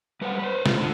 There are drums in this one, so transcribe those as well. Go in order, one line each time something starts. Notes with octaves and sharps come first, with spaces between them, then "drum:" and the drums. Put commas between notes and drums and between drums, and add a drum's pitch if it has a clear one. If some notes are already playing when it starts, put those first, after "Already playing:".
G3 B4 C5 F5 F#5
B4 C5
A2 F4, drum: snare
D3